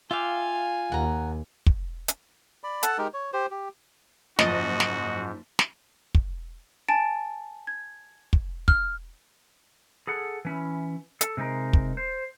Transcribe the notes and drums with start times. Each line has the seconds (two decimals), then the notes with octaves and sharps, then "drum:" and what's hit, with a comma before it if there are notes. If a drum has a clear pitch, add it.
0.11 F4 E5 F5 G5 G#5 D6
0.92 D#2 F#5 A#5
1.66 drum: kick
2.08 drum: hi-hat
2.64 D5 B5
2.83 A4 F#5 A5, drum: hi-hat
2.98 G#3 D#4 G4 A#4
3.14 C#5
3.33 G4 C5
3.51 G4
4.39 F#1 G#2 F3 F#4 D#5 A6, drum: snare
4.80 drum: snare
5.59 drum: snare
6.15 drum: kick
6.89 G#5 A5 A6 D7
7.67 G#6
8.33 drum: kick
8.68 F6, drum: kick
10.07 G#4 A4 F#5
10.45 E3 C#4 E4
11.21 A4, drum: hi-hat
11.37 C3 G#3 D#4 A#4
11.73 drum: kick
11.97 C5